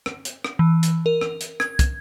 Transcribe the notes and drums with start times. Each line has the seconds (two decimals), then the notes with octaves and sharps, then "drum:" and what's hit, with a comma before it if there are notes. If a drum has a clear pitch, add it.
0.06 drum: rim click
0.25 drum: hi-hat
0.44 drum: rim click
0.59 E3
0.83 drum: hi-hat
1.06 A#4
1.21 drum: rim click
1.41 drum: hi-hat
1.60 G#6, drum: rim click
1.79 drum: kick, hi-hat